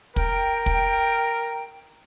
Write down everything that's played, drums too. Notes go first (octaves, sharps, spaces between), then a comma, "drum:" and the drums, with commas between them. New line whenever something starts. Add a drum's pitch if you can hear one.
A#4 G5, drum: kick
drum: kick